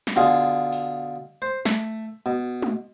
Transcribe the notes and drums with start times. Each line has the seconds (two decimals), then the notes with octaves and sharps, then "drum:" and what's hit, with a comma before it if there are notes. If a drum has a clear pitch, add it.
0.07 drum: snare
0.16 B2 D3 F4 G#4
0.72 drum: open hi-hat
1.42 C5
1.66 A3, drum: snare
2.26 B2
2.62 drum: tom G#3